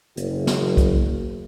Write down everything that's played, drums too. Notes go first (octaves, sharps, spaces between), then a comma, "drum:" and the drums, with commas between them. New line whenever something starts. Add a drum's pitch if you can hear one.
F#1, drum: hi-hat
drum: snare
drum: kick, hi-hat